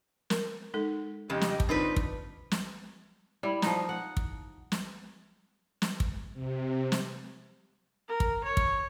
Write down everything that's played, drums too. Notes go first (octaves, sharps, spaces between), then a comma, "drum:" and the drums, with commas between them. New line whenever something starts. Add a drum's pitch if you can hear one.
A#4, drum: snare
G#3 D#4 A4
F2 C#3 G4 D#5
drum: snare
drum: kick
D3 C4 D4 D#4 F4 B4
drum: kick
drum: snare
G3 E4
F3 D#4, drum: snare
F#5
drum: kick
drum: snare
drum: snare
drum: kick
C3
drum: snare
A#4
drum: kick
C#5
drum: kick